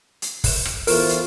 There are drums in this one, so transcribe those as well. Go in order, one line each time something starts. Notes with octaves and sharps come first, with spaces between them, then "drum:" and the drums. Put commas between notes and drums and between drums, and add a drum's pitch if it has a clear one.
drum: hi-hat
drum: kick, open hi-hat
drum: rim click
E3 B3 F4 A4 A#4 C5 C#6, drum: open hi-hat
drum: hi-hat